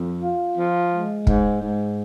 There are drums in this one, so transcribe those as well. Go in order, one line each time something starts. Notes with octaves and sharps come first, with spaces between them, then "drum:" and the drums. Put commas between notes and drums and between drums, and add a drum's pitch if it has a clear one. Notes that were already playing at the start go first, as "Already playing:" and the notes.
Already playing: F2
F4
F3
G#3
G#2, drum: kick
G#2